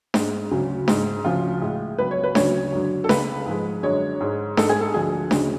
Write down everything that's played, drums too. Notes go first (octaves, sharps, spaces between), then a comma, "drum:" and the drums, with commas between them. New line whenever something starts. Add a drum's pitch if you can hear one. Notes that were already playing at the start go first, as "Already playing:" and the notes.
G#2 G#3, drum: snare D4
D2 C#3 F#3
G#2 G#3, drum: snare D4
D2 C#3 F3 F4
A2 G#3
C#2 B2 F#3 B4
C#5
B4
D2 C#3 F#3 C#5, drum: snare D4
F#2 D3 F#3
A4
C#2 C#3 G#3 B4, drum: snare D4
G#2 F3 G#3
F#2 D3 G#3 C#5
G#2 G#3
G#2 G#3 A4, drum: snare D4
G#4
A4
D2 D3 F3 G#3 G#4
D2 C#3 G#3, drum: snare D4